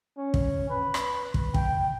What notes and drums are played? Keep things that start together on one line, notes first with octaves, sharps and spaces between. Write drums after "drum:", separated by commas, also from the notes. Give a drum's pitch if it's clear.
C#4
drum: kick
B4
drum: rim click
drum: kick
G5, drum: kick